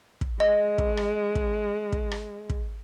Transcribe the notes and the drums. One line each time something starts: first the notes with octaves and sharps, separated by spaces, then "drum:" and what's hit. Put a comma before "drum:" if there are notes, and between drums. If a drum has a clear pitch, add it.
drum: kick
G#3 D#5
drum: kick
drum: rim click
drum: kick
drum: kick
drum: rim click
drum: kick